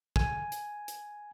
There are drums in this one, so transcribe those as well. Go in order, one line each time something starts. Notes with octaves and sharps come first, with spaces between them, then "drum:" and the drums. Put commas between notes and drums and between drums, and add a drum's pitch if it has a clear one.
G#5, drum: kick
drum: hi-hat
drum: hi-hat